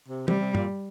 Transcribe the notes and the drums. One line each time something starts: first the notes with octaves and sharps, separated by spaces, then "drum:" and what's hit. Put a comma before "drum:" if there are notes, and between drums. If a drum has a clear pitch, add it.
C3
C3 G3, drum: tom
C3
A#2, drum: tom